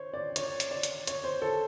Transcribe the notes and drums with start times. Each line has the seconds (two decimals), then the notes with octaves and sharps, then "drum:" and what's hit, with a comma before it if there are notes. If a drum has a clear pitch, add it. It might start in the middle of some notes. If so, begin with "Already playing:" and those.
Already playing: C5 C#5
0.14 D5
0.36 C#5, drum: hi-hat
0.60 drum: hi-hat
0.71 D5
0.83 drum: hi-hat
1.07 C#5, drum: hi-hat
1.24 C5
1.42 A4